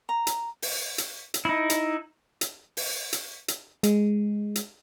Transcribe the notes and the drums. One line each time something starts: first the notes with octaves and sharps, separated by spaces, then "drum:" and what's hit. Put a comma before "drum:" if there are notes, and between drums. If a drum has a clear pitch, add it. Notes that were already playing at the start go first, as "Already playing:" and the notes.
A#5
drum: hi-hat
drum: open hi-hat
drum: hi-hat
drum: hi-hat
D#4 E4
drum: hi-hat
drum: hi-hat
drum: open hi-hat
drum: hi-hat
drum: hi-hat
G#3, drum: hi-hat
drum: hi-hat